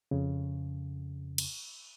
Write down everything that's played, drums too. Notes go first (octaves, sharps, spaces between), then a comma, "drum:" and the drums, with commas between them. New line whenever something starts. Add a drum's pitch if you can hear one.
F2 C#3
drum: cymbal